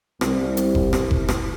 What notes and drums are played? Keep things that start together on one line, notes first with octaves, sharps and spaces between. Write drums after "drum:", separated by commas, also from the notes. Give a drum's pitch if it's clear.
C2, drum: rim click
drum: hi-hat
drum: kick F#1
drum: rim click
drum: kick F#1
drum: rim click